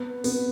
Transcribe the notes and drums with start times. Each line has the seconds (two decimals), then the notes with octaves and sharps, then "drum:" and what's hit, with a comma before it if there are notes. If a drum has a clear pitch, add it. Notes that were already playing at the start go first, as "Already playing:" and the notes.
Already playing: B3
0.24 B3, drum: open hi-hat